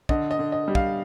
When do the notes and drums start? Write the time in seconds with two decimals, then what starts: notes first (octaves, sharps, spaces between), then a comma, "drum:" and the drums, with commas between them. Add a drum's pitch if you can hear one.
0.09 D3 D#5, drum: kick
0.31 D#5
0.39 D3
0.52 D#5
0.68 G3
0.75 F5, drum: kick